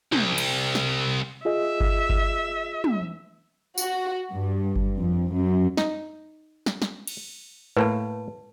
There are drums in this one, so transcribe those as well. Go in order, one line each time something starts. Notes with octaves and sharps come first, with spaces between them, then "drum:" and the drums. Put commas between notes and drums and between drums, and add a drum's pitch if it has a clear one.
C2, drum: tom
drum: cymbal
drum: snare
F4 G#4 D#5 E5
drum: kick G1
drum: kick G1
drum: tom
F#4, drum: tambourine
G2
drum: kick G1
F2
F#2
D#4, drum: snare
drum: snare
drum: snare
drum: cymbal
A2 A#3 B4 A5